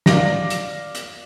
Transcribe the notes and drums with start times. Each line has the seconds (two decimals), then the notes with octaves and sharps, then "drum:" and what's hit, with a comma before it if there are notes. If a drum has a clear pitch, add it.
0.06 D5 F5 D6 A#6, drum: snare
0.50 drum: hi-hat
0.95 drum: hi-hat